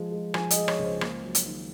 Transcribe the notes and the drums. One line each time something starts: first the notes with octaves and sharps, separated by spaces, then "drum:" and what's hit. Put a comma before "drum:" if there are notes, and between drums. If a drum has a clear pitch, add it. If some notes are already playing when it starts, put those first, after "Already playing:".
Already playing: F3 G#3
G#3
F3 G#5, drum: rim click
D#5, drum: hi-hat
G#3
C#5, drum: rim click
C#2
C5
A#3, drum: rim click
F#3
drum: hi-hat
D#3